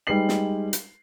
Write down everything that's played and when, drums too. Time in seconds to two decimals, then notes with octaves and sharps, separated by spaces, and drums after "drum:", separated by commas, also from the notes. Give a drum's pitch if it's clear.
0.07 G3 G#3 D#4 B4 C7 F#7
0.29 drum: snare
0.73 drum: hi-hat